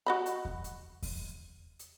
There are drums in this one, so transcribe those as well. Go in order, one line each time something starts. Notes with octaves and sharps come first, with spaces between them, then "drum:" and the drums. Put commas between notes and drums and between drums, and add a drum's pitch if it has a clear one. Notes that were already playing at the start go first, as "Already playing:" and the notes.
F#4 D#5 B5
drum: hi-hat
drum: kick E2
drum: hi-hat
drum: kick E2, open hi-hat
drum: hi-hat